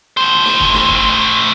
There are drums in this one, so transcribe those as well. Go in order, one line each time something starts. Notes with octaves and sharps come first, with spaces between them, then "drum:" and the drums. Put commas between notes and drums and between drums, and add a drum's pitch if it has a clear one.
A2 C5
drum: snare
drum: kick
drum: snare
drum: kick